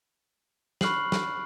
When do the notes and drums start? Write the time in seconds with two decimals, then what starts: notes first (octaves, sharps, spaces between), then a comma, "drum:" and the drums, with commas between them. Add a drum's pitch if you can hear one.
0.81 B5 C#6 F6 F#6 C7 F#7, drum: snare
1.12 drum: snare